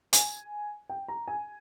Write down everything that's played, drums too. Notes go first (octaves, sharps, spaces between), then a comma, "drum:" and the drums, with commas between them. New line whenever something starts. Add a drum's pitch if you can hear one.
G#5, drum: hi-hat
G5
A#5
G#5